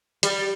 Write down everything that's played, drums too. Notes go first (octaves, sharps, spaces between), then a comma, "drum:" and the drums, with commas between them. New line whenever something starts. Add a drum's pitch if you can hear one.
G3, drum: hi-hat